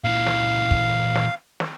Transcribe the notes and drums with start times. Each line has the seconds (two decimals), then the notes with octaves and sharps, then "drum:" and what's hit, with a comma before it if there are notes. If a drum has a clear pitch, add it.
0.04 A#2 E3 F5
0.26 drum: snare
0.71 drum: kick
1.15 drum: snare
1.60 drum: snare